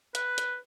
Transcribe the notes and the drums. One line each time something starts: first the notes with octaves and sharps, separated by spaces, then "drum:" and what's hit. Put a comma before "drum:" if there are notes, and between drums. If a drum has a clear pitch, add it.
B4, drum: hi-hat
drum: hi-hat